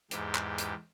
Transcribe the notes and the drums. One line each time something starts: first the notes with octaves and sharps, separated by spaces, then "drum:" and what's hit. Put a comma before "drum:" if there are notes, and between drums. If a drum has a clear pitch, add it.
E2 G#2 G4, drum: hi-hat
drum: clap
drum: hi-hat